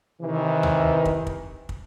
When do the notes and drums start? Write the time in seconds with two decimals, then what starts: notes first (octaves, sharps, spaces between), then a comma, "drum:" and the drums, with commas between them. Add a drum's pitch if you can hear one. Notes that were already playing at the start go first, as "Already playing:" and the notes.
0.21 C3 D#3 E3
0.63 drum: tom D2
1.05 drum: kick
1.27 drum: kick
1.69 drum: kick